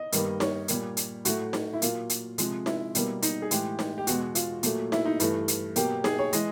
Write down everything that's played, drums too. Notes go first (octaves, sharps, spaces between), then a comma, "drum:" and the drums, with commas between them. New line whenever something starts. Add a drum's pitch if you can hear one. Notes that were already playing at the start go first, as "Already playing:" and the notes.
Already playing: D#5
G2 D#3 G3 A#3, drum: hi-hat
C#5, drum: snare D#4
A#2 G3 A#3, drum: hi-hat
drum: hi-hat
A2 F#3 A3 F#4, drum: hi-hat
drum: snare D#4
E4
A#2 F#3 A#3 F4, drum: hi-hat
drum: hi-hat
C3 F3 G#3, drum: hi-hat
E4, drum: snare D#4
B2 G3 A#3, drum: hi-hat
D#4, drum: hi-hat
G#4
A2 E3 G#3 G4, drum: hi-hat
drum: snare D#4
G4
E2 B2 G#3 F#4, drum: hi-hat
F4, drum: hi-hat
A#2 F#3 A3, drum: hi-hat
E4, drum: snare D#4
D#4
G2 E3 A3, drum: hi-hat
drum: hi-hat
B2 F#3 A#3 G4, drum: hi-hat
G#4, drum: snare D#4
C#5
E3 G#3 D#5, drum: hi-hat